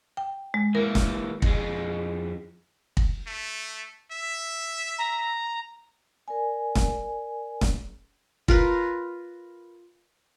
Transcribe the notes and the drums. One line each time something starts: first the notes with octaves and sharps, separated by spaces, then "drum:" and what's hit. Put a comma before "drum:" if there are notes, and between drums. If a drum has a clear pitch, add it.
G5
G#3
E3 A#3 A#4
drum: snare
F2 G#3, drum: kick
drum: kick
A3
E5
A#5
A#4 D5 G#5
drum: snare
drum: snare
F4 A#4 B4, drum: kick